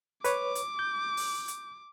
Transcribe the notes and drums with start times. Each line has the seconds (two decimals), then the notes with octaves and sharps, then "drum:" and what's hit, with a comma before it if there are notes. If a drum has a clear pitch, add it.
0.24 B4 C#5 D6, drum: hi-hat
0.55 drum: hi-hat
0.79 G6
1.17 drum: open hi-hat
1.48 drum: hi-hat